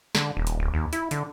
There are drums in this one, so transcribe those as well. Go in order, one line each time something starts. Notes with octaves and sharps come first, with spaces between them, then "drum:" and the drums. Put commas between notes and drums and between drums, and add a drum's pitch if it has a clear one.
D3, drum: snare
D#1
drum: hi-hat
D1
D#2
E4, drum: hi-hat
D3, drum: hi-hat